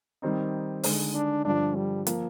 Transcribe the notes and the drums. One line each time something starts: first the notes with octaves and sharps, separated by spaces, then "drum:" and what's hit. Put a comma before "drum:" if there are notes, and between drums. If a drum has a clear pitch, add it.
D#3 G3 C4 D#4
D3 G#3 D#4, drum: open hi-hat
D4
G2 D3 F3 D4
G3
F3 A#3, drum: hi-hat